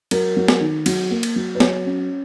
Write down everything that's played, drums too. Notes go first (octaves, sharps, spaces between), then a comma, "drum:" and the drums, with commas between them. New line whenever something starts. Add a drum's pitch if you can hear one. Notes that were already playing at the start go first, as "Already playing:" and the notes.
F#3 A#4, drum: cymbal
F#3
drum: snare
D#3
F#3, drum: cymbal
A#3
drum: cymbal
F#3
B4
F#3 C#5, drum: snare
C#4